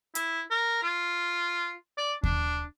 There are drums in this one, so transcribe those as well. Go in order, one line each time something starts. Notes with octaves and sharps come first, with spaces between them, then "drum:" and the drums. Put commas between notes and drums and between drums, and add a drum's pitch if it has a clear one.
E4, drum: hi-hat
A#4
F4
D5
D4, drum: kick D#2